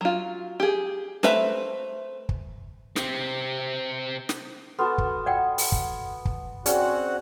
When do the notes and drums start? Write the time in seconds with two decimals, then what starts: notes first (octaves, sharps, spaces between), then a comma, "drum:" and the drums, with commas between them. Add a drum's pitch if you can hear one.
0.01 F#3 F4
0.60 G4 G#4
1.23 A3 C4 B4 E5 A#5, drum: snare
2.29 drum: kick
2.96 C3 C4, drum: snare
4.29 drum: snare
4.79 B3 F#4 A4 A5 C6 F6
4.98 drum: kick
5.26 D5 F#5 G5
5.58 drum: open hi-hat
5.72 drum: kick
6.25 drum: kick
6.66 C4 C#4 F#4 G#4 D5 F#5, drum: hi-hat